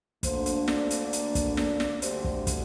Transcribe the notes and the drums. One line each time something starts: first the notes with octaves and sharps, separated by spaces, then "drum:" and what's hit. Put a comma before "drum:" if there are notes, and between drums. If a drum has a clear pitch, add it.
D2 D3 A#3 D4 C5, drum: kick, hi-hat
drum: hi-hat
D5, drum: snare
drum: hi-hat
drum: hi-hat
drum: kick, hi-hat
D5, drum: snare
drum: snare
D2 D3 G3 C4 C5, drum: hi-hat
drum: kick
drum: kick, hi-hat